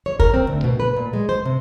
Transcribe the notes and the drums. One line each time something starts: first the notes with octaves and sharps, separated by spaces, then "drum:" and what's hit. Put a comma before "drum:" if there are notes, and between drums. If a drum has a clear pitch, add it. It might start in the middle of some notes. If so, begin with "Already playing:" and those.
C#5
A#4, drum: kick
C4
D2
B2
B4
A#2
G#3
C5
C3